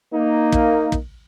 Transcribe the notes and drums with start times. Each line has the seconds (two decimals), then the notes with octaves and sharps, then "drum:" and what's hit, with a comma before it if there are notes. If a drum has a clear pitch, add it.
0.13 A#3 D#4
0.52 drum: kick
0.92 drum: kick